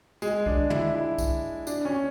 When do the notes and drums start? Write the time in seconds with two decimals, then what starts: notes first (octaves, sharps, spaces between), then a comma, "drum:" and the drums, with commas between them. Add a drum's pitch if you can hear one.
0.22 G#3, drum: tambourine
0.46 D4, drum: kick B1
0.70 E4, drum: tom
0.95 E4
1.18 drum: kick B1, tambourine
1.67 D4, drum: tambourine
1.85 C#4